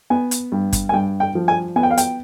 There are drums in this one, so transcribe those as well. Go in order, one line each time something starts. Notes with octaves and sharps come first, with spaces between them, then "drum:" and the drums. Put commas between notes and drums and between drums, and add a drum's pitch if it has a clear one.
B3 G#5
drum: hi-hat
G2
drum: kick, hi-hat
G#5
G2 G5
G5
F3
G#5
B3 G#5
G5
F5
G5, drum: hi-hat